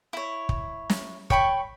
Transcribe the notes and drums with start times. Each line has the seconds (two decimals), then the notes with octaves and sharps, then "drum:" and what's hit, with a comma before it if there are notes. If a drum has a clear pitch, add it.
0.13 E4 C#5
0.49 drum: kick
0.90 drum: snare
1.30 C#5 G5 B5 C#6, drum: kick